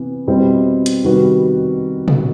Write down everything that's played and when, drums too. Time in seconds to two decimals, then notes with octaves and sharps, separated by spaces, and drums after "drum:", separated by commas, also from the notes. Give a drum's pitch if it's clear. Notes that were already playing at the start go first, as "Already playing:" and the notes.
Already playing: C3 E3 B3
0.27 B2 G3 C4 E4 G4
0.86 drum: hi-hat
1.04 C3 D#3 G3 B3 F#4
2.08 drum: tom